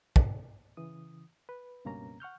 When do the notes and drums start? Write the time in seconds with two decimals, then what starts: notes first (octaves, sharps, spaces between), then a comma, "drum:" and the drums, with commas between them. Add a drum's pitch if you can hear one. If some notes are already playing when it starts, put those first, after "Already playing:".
0.16 drum: kick
0.77 C#3 E3 D#6
1.49 B4
1.85 C#2 G2 B2 A#3 C#4 A#5
2.20 F#5 C#6 F6 G6